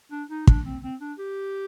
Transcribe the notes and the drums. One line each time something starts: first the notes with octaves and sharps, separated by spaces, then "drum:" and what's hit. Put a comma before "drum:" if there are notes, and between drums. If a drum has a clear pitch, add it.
D4
D#4
D4, drum: kick
C4
C4
D4
G4